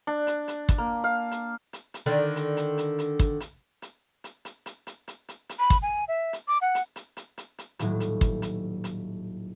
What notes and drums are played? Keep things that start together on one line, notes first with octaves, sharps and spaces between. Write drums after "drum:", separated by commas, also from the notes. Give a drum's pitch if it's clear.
D4
drum: hi-hat
drum: hi-hat
drum: kick, hi-hat
A#3
F5
drum: hi-hat
drum: hi-hat
drum: hi-hat
D3 D#3 D4
drum: hi-hat
drum: hi-hat
drum: hi-hat
drum: hi-hat
drum: kick, hi-hat
drum: hi-hat
drum: hi-hat
drum: hi-hat
drum: hi-hat
drum: hi-hat
drum: hi-hat
drum: hi-hat
drum: hi-hat
drum: hi-hat
B5
drum: kick, hi-hat
G#5
E5
drum: hi-hat
D6
F#5
drum: hi-hat
drum: hi-hat
drum: hi-hat
drum: hi-hat
drum: hi-hat
D#1 A2 F#3, drum: hi-hat
drum: hi-hat
drum: kick, hi-hat
drum: hi-hat
drum: hi-hat